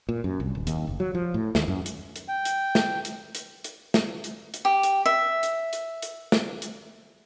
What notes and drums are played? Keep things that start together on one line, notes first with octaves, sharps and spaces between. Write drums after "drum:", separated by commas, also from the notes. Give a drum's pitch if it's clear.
A#2
F#2
C2
D1
D#2, drum: hi-hat
F#1
F#3
F3
A2
D#2, drum: snare
F#2
drum: hi-hat
drum: hi-hat
G5
drum: hi-hat
drum: snare
drum: hi-hat
drum: hi-hat
drum: hi-hat
drum: snare
drum: hi-hat
drum: hi-hat
G4
drum: hi-hat
E5
drum: hi-hat
drum: hi-hat
drum: hi-hat
drum: snare
drum: hi-hat